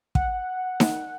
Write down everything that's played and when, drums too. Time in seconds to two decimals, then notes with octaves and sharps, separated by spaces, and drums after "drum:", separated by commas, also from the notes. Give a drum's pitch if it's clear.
0.15 F#5, drum: kick
0.80 drum: snare D#4